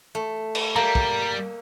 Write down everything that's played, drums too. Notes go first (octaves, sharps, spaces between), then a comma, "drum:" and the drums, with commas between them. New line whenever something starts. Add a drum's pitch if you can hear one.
A3
drum: cymbal
G3 A#3 A#5
drum: kick